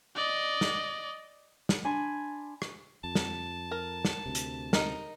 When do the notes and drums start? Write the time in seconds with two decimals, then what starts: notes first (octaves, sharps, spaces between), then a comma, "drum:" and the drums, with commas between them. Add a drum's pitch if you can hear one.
0.15 D5 D#5
0.61 drum: snare
1.69 drum: snare
1.85 D4 G#5 B5 C6
2.62 drum: rim click
3.04 F2 A5
3.15 drum: snare
3.71 A#4
4.05 drum: snare
4.26 D2 C3
4.35 drum: hi-hat
4.73 D#4 A#4, drum: snare